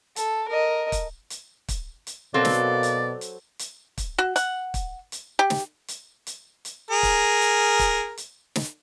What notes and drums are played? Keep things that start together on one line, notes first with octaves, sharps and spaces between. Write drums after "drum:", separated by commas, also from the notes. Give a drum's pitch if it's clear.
A4, drum: hi-hat
A#4 D#5
drum: kick, hi-hat
drum: hi-hat
drum: kick, hi-hat
drum: hi-hat
B2 F#3 A#3 C4 A4 D5
drum: snare
drum: hi-hat
drum: hi-hat
drum: hi-hat
drum: kick, hi-hat
F#4
F#5, drum: hi-hat
drum: kick, hi-hat
drum: hi-hat
G4
drum: snare
drum: hi-hat
drum: hi-hat
drum: hi-hat
G#4 A#4
drum: kick, hi-hat
drum: hi-hat
drum: kick, hi-hat
drum: hi-hat
drum: snare